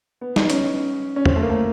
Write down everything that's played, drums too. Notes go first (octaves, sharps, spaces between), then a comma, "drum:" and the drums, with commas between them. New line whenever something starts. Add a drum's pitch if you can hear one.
B3
D#4, drum: snare
C#4, drum: hi-hat
C#4
C4, drum: tom
A3
A#3
A3